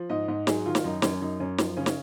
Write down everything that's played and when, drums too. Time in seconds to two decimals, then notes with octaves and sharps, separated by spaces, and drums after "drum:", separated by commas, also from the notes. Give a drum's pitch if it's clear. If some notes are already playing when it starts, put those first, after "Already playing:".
Already playing: F3
0.10 G#2 D#5
0.28 G#2 D#5
0.47 F#3 G#4, drum: snare
0.66 D#3 F4
0.75 drum: snare
0.84 F#2 D#4
1.02 F#2 C#4, drum: snare
1.22 F#2 D#4
1.40 F#2 C#4
1.58 F3, drum: snare
1.76 C#3 C#4
1.86 drum: snare